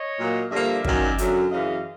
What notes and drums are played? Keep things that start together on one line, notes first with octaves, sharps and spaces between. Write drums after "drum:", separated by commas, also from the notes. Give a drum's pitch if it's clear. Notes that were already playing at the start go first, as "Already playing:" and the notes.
Already playing: C#5 D#5
A#2 F#3 A#3
G2 D3 F3 A#3 D5 E5
F#2 D#3 F#3 A#3, drum: kick
F#2 D3 F#3, drum: hi-hat
F#2 C#3 E3 D#5 F5